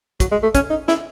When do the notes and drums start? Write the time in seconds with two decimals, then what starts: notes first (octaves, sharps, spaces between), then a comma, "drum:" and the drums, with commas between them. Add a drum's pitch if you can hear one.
0.20 F#3, drum: kick, hi-hat
0.31 G#3
0.43 A3
0.55 C#4, drum: kick, hi-hat
0.70 D#4
0.88 E4, drum: snare